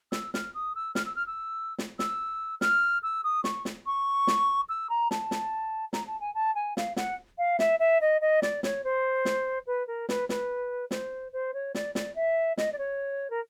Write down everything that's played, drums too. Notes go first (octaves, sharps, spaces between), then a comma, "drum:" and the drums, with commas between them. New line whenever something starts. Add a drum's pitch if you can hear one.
E6, drum: snare
F6, drum: snare
D#6
E6
F6, drum: snare
E6
F6
E6
drum: snare
E6, drum: snare
F6, drum: snare
E6
D#6
C#6, drum: snare
drum: snare
C#6
drum: snare
E6
A#5
A5, drum: snare
drum: snare
A#5, drum: snare
A5
G#5
A5
G#5
F5, drum: snare
F#5, drum: snare
F5
E5, drum: snare
E5
D#5
D#5
D5, drum: snare
C#5, drum: snare
C5
drum: snare
B4
A#4
B4, drum: snare
B4, drum: snare
C5, drum: snare
C5
C#5
D5, drum: snare
D5, drum: snare
E5
D#5, drum: snare
D5
C#5
A#4